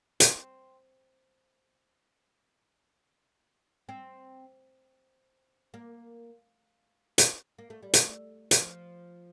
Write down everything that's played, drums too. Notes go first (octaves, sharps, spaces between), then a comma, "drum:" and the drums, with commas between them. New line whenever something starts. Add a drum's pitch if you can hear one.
C4, drum: hi-hat
C4
A#3
drum: hi-hat
A#3
A3
G3
A3, drum: hi-hat
F3, drum: hi-hat